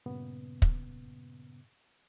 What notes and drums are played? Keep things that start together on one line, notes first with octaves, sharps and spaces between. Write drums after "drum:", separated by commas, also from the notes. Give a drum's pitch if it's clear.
G2 A#2 C#3 B3
drum: kick